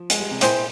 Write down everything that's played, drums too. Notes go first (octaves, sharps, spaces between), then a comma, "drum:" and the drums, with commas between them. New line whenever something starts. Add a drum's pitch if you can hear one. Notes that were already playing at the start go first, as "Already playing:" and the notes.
Already playing: F3
G#3, drum: hi-hat
G3
C3
A#2 C4 E4 G#4 C5, drum: hi-hat